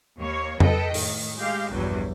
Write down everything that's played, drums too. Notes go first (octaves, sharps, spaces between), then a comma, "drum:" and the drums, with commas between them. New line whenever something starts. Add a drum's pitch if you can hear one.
D#2 A#3 C#5
A4 B4 D#5 G5, drum: tom F2
A2 D#3, drum: open hi-hat
G#3 G4 F5
A#1 E2 G2 F#3 G3